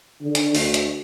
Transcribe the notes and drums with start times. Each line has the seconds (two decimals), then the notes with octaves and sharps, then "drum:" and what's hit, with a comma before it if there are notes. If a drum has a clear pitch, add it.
0.22 D3
0.35 drum: hi-hat
0.55 D2, drum: open hi-hat
0.74 drum: hi-hat